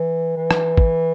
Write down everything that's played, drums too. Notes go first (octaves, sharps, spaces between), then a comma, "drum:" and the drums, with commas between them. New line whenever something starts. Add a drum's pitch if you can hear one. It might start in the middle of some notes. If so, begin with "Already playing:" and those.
Already playing: E3
E3
drum: rim click
drum: kick